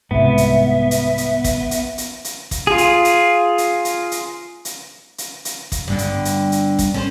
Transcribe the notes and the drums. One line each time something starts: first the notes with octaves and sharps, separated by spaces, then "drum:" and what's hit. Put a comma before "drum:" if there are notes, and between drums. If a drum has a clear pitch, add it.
C2 G#2 B3 E5
drum: hi-hat
drum: hi-hat
drum: hi-hat
drum: kick, hi-hat
drum: hi-hat
drum: hi-hat
drum: hi-hat
drum: kick, hi-hat
F4 G#4
drum: hi-hat
drum: hi-hat
drum: hi-hat
drum: hi-hat
drum: hi-hat
drum: hi-hat
drum: hi-hat
drum: hi-hat
drum: kick, hi-hat
G2 D3 B3
drum: hi-hat
drum: hi-hat
drum: hi-hat
drum: kick, hi-hat
C#4 B4 C5